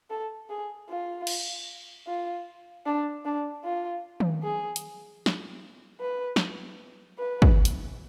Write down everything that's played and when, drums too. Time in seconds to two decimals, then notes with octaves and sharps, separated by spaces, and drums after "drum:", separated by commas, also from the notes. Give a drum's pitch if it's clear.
0.10 A4
0.50 G#4
0.89 F4
1.27 drum: cymbal
2.07 F4
2.86 D4
3.25 D4
3.65 F4
4.20 drum: tom D#3
4.43 G#4
4.76 drum: hi-hat
5.26 drum: snare
6.00 B4
6.36 drum: snare
7.18 B4
7.42 drum: kick
7.65 drum: hi-hat